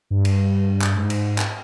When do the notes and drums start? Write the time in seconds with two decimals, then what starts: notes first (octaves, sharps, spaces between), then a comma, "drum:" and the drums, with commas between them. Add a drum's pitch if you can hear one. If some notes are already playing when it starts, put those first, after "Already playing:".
0.10 G2
0.25 drum: cymbal
0.82 drum: clap
0.96 G#2
1.10 drum: cymbal
1.38 drum: clap